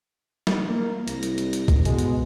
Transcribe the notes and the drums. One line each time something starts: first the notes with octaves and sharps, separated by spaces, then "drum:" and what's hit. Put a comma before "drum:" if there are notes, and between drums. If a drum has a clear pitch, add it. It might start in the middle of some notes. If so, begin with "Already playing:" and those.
drum: snare
A#3
C2 A#6, drum: hi-hat
drum: hi-hat
drum: hi-hat
drum: hi-hat
drum: kick, hi-hat
B2 G#3, drum: hi-hat
drum: hi-hat